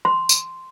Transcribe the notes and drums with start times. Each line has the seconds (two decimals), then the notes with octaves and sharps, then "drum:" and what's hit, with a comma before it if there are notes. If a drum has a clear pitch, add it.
0.05 C6
0.29 drum: tambourine